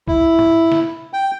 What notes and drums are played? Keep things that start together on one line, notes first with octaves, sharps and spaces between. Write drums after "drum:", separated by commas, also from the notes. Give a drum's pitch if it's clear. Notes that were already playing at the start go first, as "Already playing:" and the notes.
E4, drum: kick
drum: tom G#2
drum: snare
G5